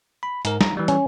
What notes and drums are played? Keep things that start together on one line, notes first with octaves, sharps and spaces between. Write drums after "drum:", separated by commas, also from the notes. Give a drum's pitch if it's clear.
B5
G#2 A#4, drum: hi-hat
A#5, drum: snare
E3 G3
C#4, drum: hi-hat